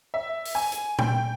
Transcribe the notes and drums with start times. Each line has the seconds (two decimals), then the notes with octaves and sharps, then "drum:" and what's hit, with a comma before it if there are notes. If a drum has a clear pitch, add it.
0.14 E5
0.45 drum: open hi-hat
0.55 G#5
0.72 drum: hi-hat
0.99 G5, drum: tom A#2